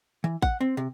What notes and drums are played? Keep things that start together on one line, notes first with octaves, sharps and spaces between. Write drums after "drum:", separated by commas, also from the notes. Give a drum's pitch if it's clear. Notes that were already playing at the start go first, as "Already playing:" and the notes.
E3
F#5, drum: kick A1
C4
C3